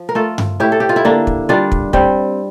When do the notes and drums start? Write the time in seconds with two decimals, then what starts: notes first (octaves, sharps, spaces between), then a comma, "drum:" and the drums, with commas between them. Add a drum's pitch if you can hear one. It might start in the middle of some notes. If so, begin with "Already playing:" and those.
Already playing: F3
0.09 A#4
0.15 A3 F4 A4
0.38 drum: tom G2
0.60 A2 E4 G4
0.72 A4
0.80 G4
0.89 F4
0.96 E4
1.05 D3 A#3 D4
1.27 drum: kick
1.49 G3 D4 F4
1.72 drum: kick
1.93 G3 C4, drum: kick